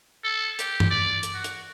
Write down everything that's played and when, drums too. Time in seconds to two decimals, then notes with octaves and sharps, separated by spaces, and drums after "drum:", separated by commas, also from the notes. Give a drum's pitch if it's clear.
0.24 A4
0.59 G4, drum: hi-hat
0.80 drum: tom G2
0.90 D5
1.23 drum: hi-hat
1.34 F#4
1.44 drum: hi-hat